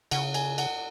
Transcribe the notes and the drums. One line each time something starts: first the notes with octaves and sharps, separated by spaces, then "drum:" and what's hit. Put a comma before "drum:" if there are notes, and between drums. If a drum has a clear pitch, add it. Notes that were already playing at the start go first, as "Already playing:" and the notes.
C#3 F#5, drum: cymbal
G#5, drum: cymbal
F#5, drum: cymbal